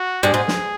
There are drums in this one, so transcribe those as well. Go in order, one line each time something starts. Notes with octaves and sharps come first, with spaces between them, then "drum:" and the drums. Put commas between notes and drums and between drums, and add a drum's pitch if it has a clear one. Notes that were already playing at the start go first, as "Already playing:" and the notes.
Already playing: F#4
G2 G#4
G#2
drum: snare